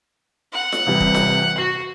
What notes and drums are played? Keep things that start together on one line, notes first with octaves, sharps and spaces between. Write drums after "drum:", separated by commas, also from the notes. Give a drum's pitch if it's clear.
F#5
drum: snare F4
E2 C3 G3
drum: kick E1
drum: snare F4
F#4 C7